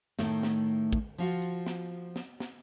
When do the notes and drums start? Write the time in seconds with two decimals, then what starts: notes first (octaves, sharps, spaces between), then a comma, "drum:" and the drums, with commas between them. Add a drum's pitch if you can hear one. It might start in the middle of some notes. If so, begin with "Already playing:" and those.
0.19 A2 D#3 A3, drum: snare
0.43 drum: snare
0.93 drum: kick
1.18 F3 F4 F#4
1.42 drum: hi-hat
1.66 drum: snare
2.16 drum: snare
2.40 drum: snare